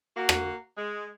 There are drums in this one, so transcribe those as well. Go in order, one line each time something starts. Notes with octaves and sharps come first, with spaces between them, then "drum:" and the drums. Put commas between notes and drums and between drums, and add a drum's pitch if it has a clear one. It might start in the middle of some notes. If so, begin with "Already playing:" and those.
A#3 F#4
drum: rim click
G#3